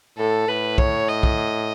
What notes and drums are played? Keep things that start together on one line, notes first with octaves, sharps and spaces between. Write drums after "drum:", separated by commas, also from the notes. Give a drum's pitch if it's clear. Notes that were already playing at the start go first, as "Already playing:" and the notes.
A2 A4
A2 B4
C#5, drum: kick
D#5
drum: kick